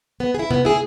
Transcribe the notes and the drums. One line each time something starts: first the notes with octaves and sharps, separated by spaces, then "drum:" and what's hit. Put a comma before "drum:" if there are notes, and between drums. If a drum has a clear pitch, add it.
B3
G#4
E4
B3, drum: tom C3
E4 G#4